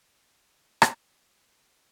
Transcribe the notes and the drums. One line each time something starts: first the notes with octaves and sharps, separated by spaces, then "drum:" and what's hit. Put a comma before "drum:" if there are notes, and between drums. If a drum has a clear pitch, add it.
C2 G#3
drum: rim click